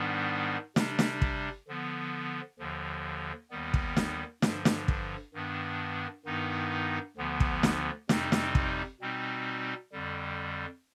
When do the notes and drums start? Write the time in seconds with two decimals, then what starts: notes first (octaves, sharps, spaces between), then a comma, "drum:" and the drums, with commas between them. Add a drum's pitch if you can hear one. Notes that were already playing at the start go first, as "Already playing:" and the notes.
Already playing: G#2 D#3 G3 B3 D4
0.76 C3 G3 D4, drum: snare
0.99 drum: snare
1.22 drum: kick
1.68 D3 F3 B3
2.59 D#2 D3 F3
3.51 D#2 D#3 G3 B3
3.74 drum: kick
3.97 drum: snare
4.42 G2 D3 F3, drum: snare
4.65 drum: snare
4.88 drum: kick
5.34 G2 D#3 B3 D4
6.26 G2 D#3 B3 D#4
7.17 D2 D3 F3 B3
7.40 drum: kick
7.63 drum: snare
8.09 F2 C3 G3 C4 D#4, drum: snare
8.32 drum: snare
8.55 drum: kick
9.01 B2 G3 C4 D#4
9.92 F2 D3 G3